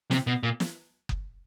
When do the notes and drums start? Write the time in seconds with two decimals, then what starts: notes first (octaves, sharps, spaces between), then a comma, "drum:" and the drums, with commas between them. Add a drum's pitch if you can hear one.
0.11 C3, drum: snare
0.27 B2
0.43 A#2
0.60 drum: snare
1.09 drum: kick F#1